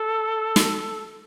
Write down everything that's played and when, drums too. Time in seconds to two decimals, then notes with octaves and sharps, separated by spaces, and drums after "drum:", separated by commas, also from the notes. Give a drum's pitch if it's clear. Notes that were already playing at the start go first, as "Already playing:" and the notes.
Already playing: A4
0.56 drum: snare